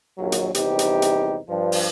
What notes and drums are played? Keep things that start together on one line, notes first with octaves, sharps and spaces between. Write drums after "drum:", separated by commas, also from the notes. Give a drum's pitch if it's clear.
A#1 D#2 F#3
drum: hi-hat
A#1 E2 C3 G3 D#4 G4, drum: hi-hat
drum: hi-hat
drum: hi-hat
G2 F3
drum: open hi-hat